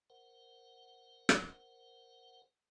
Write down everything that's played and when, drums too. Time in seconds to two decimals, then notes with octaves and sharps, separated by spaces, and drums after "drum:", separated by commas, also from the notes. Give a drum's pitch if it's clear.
0.10 A#4 C5 F#5
1.29 drum: rim click